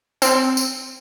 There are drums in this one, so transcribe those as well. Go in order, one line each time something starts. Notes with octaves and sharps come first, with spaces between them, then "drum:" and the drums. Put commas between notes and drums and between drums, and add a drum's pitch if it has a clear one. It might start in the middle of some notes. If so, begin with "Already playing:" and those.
C4, drum: tambourine
drum: tambourine